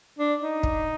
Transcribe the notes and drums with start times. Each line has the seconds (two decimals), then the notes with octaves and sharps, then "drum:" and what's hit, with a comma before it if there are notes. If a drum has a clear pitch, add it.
0.19 D4
0.41 D#4
0.63 drum: kick